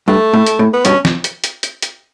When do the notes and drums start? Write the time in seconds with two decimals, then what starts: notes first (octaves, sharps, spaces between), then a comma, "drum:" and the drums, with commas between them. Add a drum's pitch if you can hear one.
0.08 G2 A3
0.33 A2
0.46 drum: hi-hat
0.59 A2
0.74 B3
0.85 G2 B2 C#4, drum: hi-hat
1.05 drum: snare
1.24 drum: hi-hat
1.44 drum: hi-hat
1.63 drum: hi-hat
1.82 drum: hi-hat